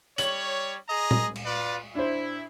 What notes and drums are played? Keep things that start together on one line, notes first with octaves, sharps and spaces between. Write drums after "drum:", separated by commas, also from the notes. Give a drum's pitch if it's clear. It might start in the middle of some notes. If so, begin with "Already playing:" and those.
G3 C#5 F#7, drum: hi-hat
G#4 D#5 A#5
drum: tom A#2
drum: cymbal
F4 B4 D5
D4 E4 C5